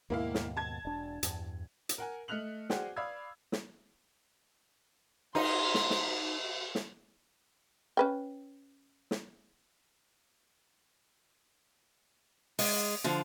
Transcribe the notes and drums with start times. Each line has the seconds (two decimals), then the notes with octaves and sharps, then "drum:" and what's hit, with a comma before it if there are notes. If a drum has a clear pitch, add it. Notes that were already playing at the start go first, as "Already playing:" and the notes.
0.10 D#2 G#2 B2 A#3 E4 F5
0.34 drum: snare
0.57 A5 G#6
0.84 E1 D4
1.23 E2 G2, drum: hi-hat
1.89 drum: hi-hat
1.98 A#4 F#5 G#5
2.28 A3 D#5 F6 F#6 F7 F#7
2.70 F#4 G#4 C5 D5 F#5 G5, drum: snare
2.96 D5 F5 B5 D#6 E6 G#6
3.52 drum: snare
5.35 D#4 C6, drum: cymbal
5.74 drum: snare
5.90 drum: snare
6.75 drum: snare
7.97 C#4 B4 G5
9.11 drum: snare
12.59 G#3, drum: open hi-hat
13.04 D3 F3